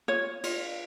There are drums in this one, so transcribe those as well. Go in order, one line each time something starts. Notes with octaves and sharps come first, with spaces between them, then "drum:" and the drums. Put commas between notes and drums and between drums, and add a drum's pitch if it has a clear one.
F4 C#5
F4, drum: cymbal